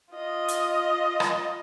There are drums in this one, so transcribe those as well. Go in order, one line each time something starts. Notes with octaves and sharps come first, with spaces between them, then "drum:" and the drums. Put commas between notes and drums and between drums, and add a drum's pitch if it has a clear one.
F4 D#5
drum: hi-hat
drum: rim click